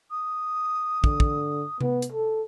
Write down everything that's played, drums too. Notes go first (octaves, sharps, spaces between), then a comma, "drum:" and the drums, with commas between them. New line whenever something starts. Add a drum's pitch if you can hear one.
D#6
D3, drum: kick
drum: kick
B3, drum: tom C3
drum: hi-hat
A4